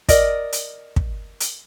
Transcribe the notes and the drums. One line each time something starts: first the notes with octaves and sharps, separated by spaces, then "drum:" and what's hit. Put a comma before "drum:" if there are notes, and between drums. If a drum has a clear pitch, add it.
A#4 D5 D#5, drum: kick, hi-hat
drum: hi-hat
drum: kick
drum: hi-hat